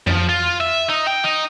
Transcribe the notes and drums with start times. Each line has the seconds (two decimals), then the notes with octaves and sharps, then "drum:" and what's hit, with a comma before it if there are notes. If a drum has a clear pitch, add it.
0.07 F3, drum: tom F2
0.29 F4
0.61 E5
0.89 D#4
1.07 G5
1.24 D#4